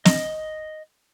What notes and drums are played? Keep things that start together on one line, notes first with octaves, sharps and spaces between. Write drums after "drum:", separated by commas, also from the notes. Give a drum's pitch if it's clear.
D#5, drum: snare